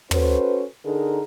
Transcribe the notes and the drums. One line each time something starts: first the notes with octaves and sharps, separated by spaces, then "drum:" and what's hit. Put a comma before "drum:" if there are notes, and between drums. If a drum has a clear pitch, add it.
C#4 F#4 A4 B4 C5, drum: tom
D3 D#4 G#4 A#4